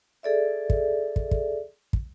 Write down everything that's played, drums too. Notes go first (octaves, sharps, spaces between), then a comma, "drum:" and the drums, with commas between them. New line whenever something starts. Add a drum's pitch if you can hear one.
G#4 A4 D5 E5
drum: kick
drum: kick
drum: kick
drum: kick